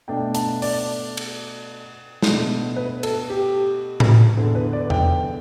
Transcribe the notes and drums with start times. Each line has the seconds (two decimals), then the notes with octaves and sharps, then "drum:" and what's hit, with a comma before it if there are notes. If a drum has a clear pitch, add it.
0.08 B2 A3 D4 G5
0.35 A5, drum: hi-hat
0.62 D5, drum: open hi-hat
1.17 drum: cymbal
2.22 B2 A3 D4, drum: snare
2.76 B4
3.03 A4, drum: cymbal
3.30 G4
4.00 drum: tom A2
4.37 E2 D3 B3
4.55 B4
4.73 D5
4.90 G5, drum: tom E2